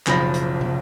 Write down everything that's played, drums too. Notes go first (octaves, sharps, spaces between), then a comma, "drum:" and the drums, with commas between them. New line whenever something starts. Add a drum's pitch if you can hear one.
F#1 B1 F3 B5 A#6, drum: clap
drum: hi-hat
drum: tom